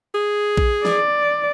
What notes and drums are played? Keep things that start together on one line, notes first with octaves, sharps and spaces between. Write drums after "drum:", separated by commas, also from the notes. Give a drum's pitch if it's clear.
G#4
drum: kick A#1
D5, drum: snare